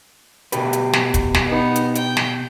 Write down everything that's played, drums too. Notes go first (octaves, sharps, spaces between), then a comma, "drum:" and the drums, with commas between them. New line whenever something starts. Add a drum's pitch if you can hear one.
B2 G4 B4, drum: hi-hat
drum: hi-hat
drum: snare
drum: kick, hi-hat
drum: snare
B3 D#4
drum: hi-hat
G5, drum: hi-hat
drum: snare